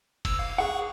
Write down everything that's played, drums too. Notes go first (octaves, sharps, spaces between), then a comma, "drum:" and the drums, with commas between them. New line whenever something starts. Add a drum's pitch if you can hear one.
E6, drum: kick F1, cymbal
F5
G#4 F#5 C#6